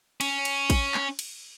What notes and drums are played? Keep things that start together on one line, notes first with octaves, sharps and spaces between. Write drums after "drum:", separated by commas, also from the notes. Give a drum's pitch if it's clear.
C#4, drum: cymbal
drum: cymbal
drum: kick, cymbal
drum: clap
drum: cymbal